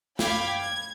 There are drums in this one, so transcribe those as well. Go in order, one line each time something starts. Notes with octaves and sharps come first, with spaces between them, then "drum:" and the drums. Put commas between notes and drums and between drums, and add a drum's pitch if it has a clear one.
F5 G5 B5 D6 G#6, drum: snare
G#6